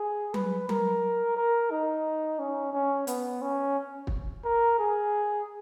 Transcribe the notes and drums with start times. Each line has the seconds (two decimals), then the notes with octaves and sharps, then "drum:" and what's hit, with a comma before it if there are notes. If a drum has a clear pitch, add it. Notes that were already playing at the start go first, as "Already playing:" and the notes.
Already playing: G#4
0.34 B4, drum: tom F#3
0.69 A#4, drum: tom F#3
1.36 A#4
1.71 D#4
2.39 C#4
2.73 C#4
3.07 B3, drum: hi-hat
3.42 C#4
4.07 drum: kick
4.45 A#4
4.79 G#4